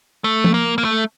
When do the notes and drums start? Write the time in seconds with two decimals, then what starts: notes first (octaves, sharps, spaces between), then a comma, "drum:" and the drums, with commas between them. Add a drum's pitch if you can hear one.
0.24 A3
0.44 drum: tom F3
0.54 A#3
0.78 A#3
0.85 A3